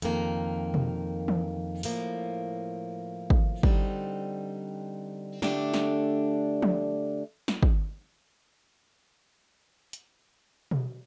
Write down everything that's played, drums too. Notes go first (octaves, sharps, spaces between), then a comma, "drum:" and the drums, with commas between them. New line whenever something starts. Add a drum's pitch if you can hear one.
F2 D#3 A#3, drum: hi-hat
drum: tom B2
drum: tom E3
A2 F3 A#3, drum: open hi-hat
drum: kick
D3 G3 C4 D#4, drum: kick
D3 A3 D4 G4, drum: snare
drum: snare
drum: tom F3
drum: snare
drum: kick
drum: hi-hat
drum: tom B2